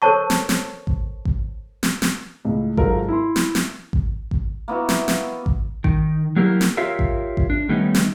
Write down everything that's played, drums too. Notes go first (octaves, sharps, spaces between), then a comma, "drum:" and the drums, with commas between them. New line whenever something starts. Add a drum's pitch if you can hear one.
A4 A#4 C5 C#5 A5 C#6
drum: snare
drum: snare
drum: kick G#1
drum: kick G#1
drum: snare
drum: snare
C#2 A2
G#2 F#3 D#4 F4 A4 A#4, drum: kick G#1
E4 C6
drum: snare
drum: snare
drum: kick G#1
drum: kick G#1
A#3 B3 E4 F#4
drum: snare
drum: snare
drum: kick G#1
D#3, drum: kick G#1
F#3 A#3 E4 G4 A#4
drum: snare
F4 G4 A#4 C#5 E5 F5
drum: kick G#1
drum: kick G#1
D4
D#3 G3 A3 B3 C#4 D#4
drum: snare